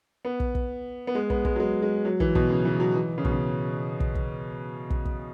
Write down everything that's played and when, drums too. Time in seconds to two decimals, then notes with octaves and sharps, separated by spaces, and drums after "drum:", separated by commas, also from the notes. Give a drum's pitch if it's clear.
0.25 B3
0.40 drum: kick
0.55 drum: kick
1.07 B3
1.15 G#3
1.30 B3, drum: kick
1.45 G#3, drum: kick
1.56 F#3
1.60 G#3
1.82 G#3
2.05 F#3
2.20 E3, drum: kick
2.35 B2, drum: kick
2.50 C#3
2.65 E3
2.80 F#3
2.95 E3
3.18 C#3
3.24 B2, drum: kick
3.32 C#3
4.00 drum: kick
4.15 drum: kick
4.90 drum: kick
5.05 drum: kick